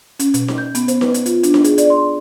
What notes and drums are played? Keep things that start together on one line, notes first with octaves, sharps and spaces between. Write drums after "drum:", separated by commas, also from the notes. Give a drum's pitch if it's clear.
C#4, drum: hi-hat
B2, drum: hi-hat
drum: snare D#4
G6
B3, drum: hi-hat
C5, drum: hi-hat
B4, drum: snare D#4
drum: hi-hat
F4, drum: hi-hat
D4, drum: hi-hat
drum: snare D#4
G#4, drum: hi-hat
D5, drum: hi-hat
C6